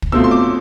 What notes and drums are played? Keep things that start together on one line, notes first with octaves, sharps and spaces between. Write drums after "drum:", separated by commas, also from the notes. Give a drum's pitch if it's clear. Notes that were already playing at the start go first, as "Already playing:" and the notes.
drum: kick
B2 A3 C4 F4 E6
C6
D6